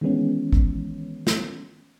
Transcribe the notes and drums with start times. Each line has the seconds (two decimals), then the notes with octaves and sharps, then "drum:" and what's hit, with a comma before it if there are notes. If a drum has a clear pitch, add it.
0.01 D#3 E3 G#3 B3 C#4
0.53 drum: kick
1.27 drum: snare